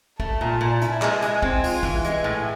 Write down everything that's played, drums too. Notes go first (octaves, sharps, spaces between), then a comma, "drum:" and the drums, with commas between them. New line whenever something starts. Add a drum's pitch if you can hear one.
A3 A5, drum: kick
A#2
A#2
E4 G#5, drum: hi-hat
G#3, drum: clap
G#3, drum: hi-hat
C4, drum: kick
F4, drum: open hi-hat
E3, drum: kick
G#3 G#5, drum: hi-hat
A2